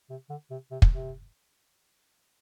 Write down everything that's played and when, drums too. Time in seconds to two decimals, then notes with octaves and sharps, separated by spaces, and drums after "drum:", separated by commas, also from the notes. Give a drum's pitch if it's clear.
0.10 C3
0.30 D3
0.50 C3
0.71 C3
0.82 drum: kick
0.92 C3